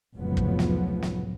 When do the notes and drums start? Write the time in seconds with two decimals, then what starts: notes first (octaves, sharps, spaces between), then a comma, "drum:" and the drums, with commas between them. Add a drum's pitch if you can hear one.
0.15 F1 C#2 A2 F3 F#3 B3
0.37 drum: kick
0.59 drum: snare
1.02 drum: snare